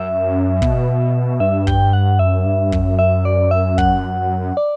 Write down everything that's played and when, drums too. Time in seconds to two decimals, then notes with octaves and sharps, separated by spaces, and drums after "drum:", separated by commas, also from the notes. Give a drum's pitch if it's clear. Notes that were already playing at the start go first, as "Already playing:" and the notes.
Already playing: F#2 E5
0.62 B2, drum: kick
1.40 G2 E5
1.67 G5, drum: kick
1.93 F#5
2.19 F#2 E5
2.46 G2
2.72 F#2, drum: kick
2.99 E5
3.25 D5
3.51 E5
3.78 F#5, drum: kick
4.57 D5